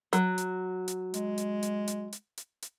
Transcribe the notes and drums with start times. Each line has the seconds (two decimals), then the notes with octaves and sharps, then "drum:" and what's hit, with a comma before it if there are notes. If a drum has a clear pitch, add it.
0.13 F#3, drum: hi-hat
0.38 drum: hi-hat
0.88 drum: hi-hat
1.14 G#3, drum: hi-hat
1.38 drum: hi-hat
1.63 drum: hi-hat
1.88 drum: hi-hat
2.13 drum: hi-hat
2.37 drum: hi-hat
2.62 drum: hi-hat